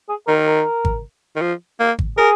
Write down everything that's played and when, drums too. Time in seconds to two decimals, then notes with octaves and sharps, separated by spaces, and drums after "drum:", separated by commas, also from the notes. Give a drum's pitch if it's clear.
0.09 G#4
0.27 D#3 A#4
0.47 A#4
0.85 drum: kick G#1
1.36 D#3
1.41 F3
1.80 A#3
1.99 drum: kick G#1
2.18 G#4 A#4